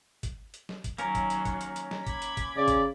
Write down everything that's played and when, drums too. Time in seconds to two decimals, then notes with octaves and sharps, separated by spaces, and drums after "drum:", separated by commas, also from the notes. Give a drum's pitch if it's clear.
0.23 drum: kick, hi-hat
0.54 drum: hi-hat
0.69 drum: snare
0.84 drum: kick, hi-hat
0.98 D#3 F#3 A#3 C#4 A#4, drum: hi-hat
1.15 drum: kick, hi-hat
1.30 drum: hi-hat
1.45 drum: kick, hi-hat
1.61 drum: hi-hat
1.76 drum: hi-hat
1.91 drum: snare
2.07 B5 D6 G#6, drum: kick, hi-hat
2.22 drum: hi-hat
2.37 drum: kick, hi-hat
2.57 C#3 D5
2.68 drum: kick, hi-hat